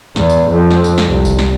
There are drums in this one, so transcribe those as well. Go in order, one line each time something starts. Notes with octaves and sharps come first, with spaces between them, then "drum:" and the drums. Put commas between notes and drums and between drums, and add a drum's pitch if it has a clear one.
E2, drum: snare
drum: tambourine
F2
drum: snare
drum: tambourine
drum: snare
C2
drum: kick G1, tambourine
drum: snare